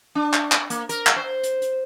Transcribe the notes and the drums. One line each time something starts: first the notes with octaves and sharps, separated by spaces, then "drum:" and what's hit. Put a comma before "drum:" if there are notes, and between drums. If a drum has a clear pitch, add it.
D4
drum: clap
drum: clap
A#3, drum: hi-hat
A#4, drum: hi-hat
drum: clap
C5
drum: hi-hat
drum: hi-hat